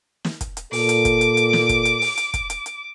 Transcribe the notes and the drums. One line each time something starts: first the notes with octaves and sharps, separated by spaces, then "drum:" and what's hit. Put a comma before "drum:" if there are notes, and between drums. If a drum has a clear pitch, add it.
drum: snare
drum: kick, hi-hat
drum: hi-hat
A#2 A4 D6, drum: open hi-hat
drum: hi-hat
drum: kick, hi-hat
drum: hi-hat
drum: hi-hat
drum: snare
drum: kick, hi-hat
drum: hi-hat
drum: open hi-hat
drum: hi-hat
drum: kick, hi-hat
drum: hi-hat
drum: hi-hat